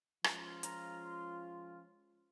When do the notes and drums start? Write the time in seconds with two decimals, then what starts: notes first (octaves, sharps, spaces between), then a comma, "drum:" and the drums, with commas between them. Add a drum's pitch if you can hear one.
0.24 F3 G#3 C#4 F4, drum: rim click
0.63 A#5, drum: hi-hat
1.02 C6